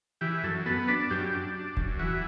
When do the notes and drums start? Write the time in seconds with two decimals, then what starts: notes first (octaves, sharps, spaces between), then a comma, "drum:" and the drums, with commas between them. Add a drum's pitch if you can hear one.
0.21 E3 G4
0.43 F#2 A4
0.66 B3 A4
0.88 D4 B4
1.10 F#2 G4
1.32 D4
1.55 D4
1.77 F#2, drum: kick D#1
1.99 E3 F#4